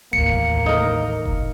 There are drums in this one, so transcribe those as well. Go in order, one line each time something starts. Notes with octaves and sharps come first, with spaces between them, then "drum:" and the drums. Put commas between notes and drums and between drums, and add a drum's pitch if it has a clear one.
A1 D#2 A#3 C#7
D#4 A#4
drum: kick E1